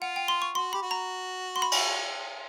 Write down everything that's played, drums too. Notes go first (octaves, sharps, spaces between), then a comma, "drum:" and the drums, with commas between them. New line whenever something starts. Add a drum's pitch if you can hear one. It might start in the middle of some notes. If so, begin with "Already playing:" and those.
F4 F#5
G5
C6
C#6
F#4 C6
G4 B5
F#4
A#5
C6
B5
drum: cymbal